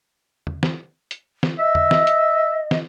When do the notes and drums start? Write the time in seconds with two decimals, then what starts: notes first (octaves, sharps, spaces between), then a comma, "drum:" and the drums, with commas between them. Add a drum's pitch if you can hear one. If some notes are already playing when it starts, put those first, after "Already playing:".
0.47 drum: tom
0.63 drum: snare
1.11 drum: hi-hat
1.43 drum: snare
1.59 D#5 E5
1.75 drum: tom
1.91 drum: snare
2.07 drum: hi-hat
2.71 drum: snare